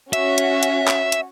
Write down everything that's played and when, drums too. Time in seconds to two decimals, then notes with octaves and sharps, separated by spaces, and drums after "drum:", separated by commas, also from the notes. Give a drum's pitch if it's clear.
0.13 C#4 F#4 E5, drum: hi-hat
0.38 drum: hi-hat
0.63 drum: hi-hat
0.87 drum: clap
1.12 drum: hi-hat